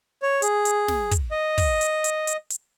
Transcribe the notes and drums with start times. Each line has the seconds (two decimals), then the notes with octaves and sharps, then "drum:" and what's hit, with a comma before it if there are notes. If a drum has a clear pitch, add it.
0.22 C#5
0.42 G#4, drum: hi-hat
0.65 drum: hi-hat
0.88 drum: snare
1.11 drum: kick, hi-hat
1.31 D#5
1.58 drum: kick, open hi-hat
1.81 drum: hi-hat
2.04 drum: hi-hat
2.27 drum: hi-hat
2.50 drum: hi-hat